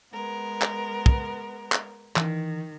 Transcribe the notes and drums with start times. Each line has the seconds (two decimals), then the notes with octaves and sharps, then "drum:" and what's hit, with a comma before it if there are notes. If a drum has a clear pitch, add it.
0.13 G#3 B3 A#4
0.62 drum: clap
1.06 drum: kick
1.72 drum: clap
2.16 D#3 E3, drum: clap